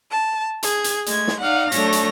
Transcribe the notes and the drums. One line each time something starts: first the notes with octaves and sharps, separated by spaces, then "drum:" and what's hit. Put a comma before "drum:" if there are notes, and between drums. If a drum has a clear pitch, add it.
A5
G#4 G#6, drum: hi-hat
drum: hi-hat
G#3 A3 G#6, drum: hi-hat
drum: snare
D#4 D5 F5 F#5
F#3 A3 D4 C#5 A#6, drum: hi-hat
drum: hi-hat